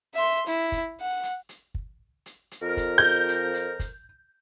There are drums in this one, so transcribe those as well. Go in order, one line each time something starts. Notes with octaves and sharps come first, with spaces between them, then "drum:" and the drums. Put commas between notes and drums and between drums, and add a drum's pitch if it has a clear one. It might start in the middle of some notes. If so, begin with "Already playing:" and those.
E5 C6
E4, drum: hi-hat
drum: kick, hi-hat
F#5
drum: hi-hat
drum: hi-hat
drum: kick
drum: hi-hat
drum: hi-hat
F2 A#4
drum: kick, hi-hat
G6
drum: hi-hat
drum: hi-hat
drum: kick, hi-hat